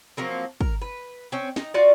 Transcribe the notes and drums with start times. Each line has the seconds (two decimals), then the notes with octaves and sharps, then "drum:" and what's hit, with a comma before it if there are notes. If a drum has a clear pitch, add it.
0.17 F3 F#3 A#3 C4
0.61 A#4, drum: kick
0.81 B4
1.32 C4 C#4
1.56 D#4, drum: snare
1.74 F4 F#4 D5